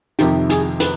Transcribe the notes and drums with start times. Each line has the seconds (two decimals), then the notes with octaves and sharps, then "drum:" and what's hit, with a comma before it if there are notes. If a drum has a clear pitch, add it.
0.19 F2 C3 D#3 G4, drum: hi-hat
0.50 G#4, drum: hi-hat
0.80 B4, drum: hi-hat